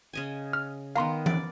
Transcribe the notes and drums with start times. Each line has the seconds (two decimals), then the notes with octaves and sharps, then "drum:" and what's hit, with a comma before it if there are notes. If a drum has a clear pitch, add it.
0.13 C#3 D#5 G#5
0.53 F6
0.96 D#3 B3 A#4 F5 A#5 C6
1.26 D5, drum: tom E3